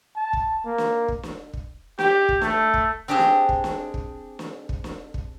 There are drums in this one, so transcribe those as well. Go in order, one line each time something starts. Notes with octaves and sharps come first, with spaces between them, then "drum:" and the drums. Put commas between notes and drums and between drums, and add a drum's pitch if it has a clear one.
A5
drum: kick
A#3
drum: snare
drum: kick
drum: snare
drum: kick
G4, drum: snare
drum: kick
A3, drum: snare
drum: kick
C4 D4 G4 G#4 C5
drum: snare
drum: kick
drum: snare
drum: kick
drum: snare
drum: kick
drum: snare
drum: kick